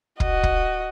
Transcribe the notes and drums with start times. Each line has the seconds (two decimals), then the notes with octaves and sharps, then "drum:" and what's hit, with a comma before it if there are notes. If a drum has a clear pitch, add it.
0.20 F#4 D#5, drum: kick
0.43 drum: kick